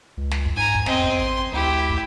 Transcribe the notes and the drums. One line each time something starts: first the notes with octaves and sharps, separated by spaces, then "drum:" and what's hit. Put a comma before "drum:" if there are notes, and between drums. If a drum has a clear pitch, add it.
C#2
drum: snare
drum: kick
G#2 G#5 A#5
drum: kick
E2 C4 D#5, drum: snare
drum: kick
A1 C6
D2 E4 G4
drum: kick